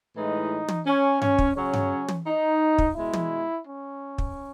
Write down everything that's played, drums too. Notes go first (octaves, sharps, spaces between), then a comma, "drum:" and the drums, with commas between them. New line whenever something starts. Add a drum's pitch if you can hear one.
A2 E3 G#3 D#4
drum: tom
C#4
C#4, drum: tom G2
drum: kick
C#3 F#3 C#4
drum: tom G2
drum: tom
D#4
drum: kick
B2 G#3 E4
drum: tom
C#4
drum: kick